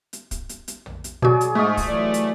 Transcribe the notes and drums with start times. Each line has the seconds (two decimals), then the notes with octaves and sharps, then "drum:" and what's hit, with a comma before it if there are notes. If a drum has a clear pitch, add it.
0.13 drum: hi-hat
0.31 drum: kick, hi-hat
0.49 drum: hi-hat
0.68 drum: hi-hat
0.86 drum: tom
1.04 drum: hi-hat
1.22 B2 F#3 F#4 G#4 D5
1.41 drum: hi-hat
1.55 G#2 A3 F4 C#6 D#6
1.77 drum: kick, open hi-hat
1.88 E3 F#3 D5
2.14 drum: hi-hat